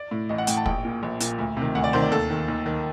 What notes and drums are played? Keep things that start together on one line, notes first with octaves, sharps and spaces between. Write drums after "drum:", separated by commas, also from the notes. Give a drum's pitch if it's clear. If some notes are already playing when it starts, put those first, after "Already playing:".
Already playing: D5
A2
A1 D#5
F#5
A2 G5, drum: hi-hat
A5
A#1 G5, drum: kick
A#2
A#1
A#2, drum: hi-hat
D2
C3 D#3
D2 F#5
D5
C3 D#3 C5
D5
D#2 A4
D#3
D#2
D#3